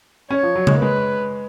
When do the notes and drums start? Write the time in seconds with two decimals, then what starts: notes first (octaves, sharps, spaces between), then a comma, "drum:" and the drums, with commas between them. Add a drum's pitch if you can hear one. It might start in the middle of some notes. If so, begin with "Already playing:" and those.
0.31 C#4 C#5
0.43 F3
0.56 F#3
0.67 G#3, drum: tom C#3
0.74 A#3
0.79 G#3 B4